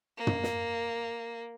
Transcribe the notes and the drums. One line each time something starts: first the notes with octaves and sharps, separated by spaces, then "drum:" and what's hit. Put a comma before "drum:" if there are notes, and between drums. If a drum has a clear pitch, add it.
A#3
drum: tom
drum: snare